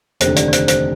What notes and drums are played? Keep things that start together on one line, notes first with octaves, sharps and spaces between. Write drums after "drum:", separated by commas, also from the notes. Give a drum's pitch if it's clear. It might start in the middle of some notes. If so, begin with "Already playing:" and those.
F1 D#2 D3 C5, drum: hi-hat
D5, drum: hi-hat
D5
C5, drum: hi-hat
C5, drum: hi-hat